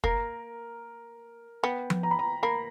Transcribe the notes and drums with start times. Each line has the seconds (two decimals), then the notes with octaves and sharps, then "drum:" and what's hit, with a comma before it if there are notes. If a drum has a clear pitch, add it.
0.04 A#3 A#4, drum: kick
1.63 B3 G5
1.90 drum: tom F3
2.03 A#5
2.11 B5
2.19 A#5
2.43 A#3 B5